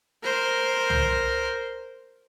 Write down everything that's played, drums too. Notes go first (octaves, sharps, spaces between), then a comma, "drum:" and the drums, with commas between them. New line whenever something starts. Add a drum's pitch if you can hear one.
A#4 C5
drum: tom